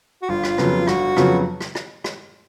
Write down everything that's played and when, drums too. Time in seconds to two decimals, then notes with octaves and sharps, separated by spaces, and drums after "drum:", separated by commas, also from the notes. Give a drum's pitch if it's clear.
0.22 F#4
0.29 G1 F4
0.44 drum: rim click
0.58 F2 C#3 F#3 B3, drum: rim click
0.87 G1 F#4, drum: rim click
1.16 F2 C#3 F#3 B3, drum: rim click
1.61 drum: rim click
1.75 drum: rim click
2.04 drum: rim click